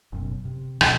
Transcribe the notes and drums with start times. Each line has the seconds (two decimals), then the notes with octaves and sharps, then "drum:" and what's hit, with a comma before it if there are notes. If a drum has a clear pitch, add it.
0.12 F#1 F#2 B2
0.45 C3
0.81 D2 B2 E3, drum: rim click